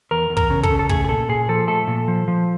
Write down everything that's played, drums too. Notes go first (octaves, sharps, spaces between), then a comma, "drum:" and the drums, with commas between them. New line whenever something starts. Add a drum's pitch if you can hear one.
E2 A#4
E2
A#4, drum: kick
C#3
A4, drum: kick
C#3
A4
A3 G#4, drum: kick
G#4
A#2 A4
A#2 G#4
F3 A4
A3 A4
A#2
F3
F3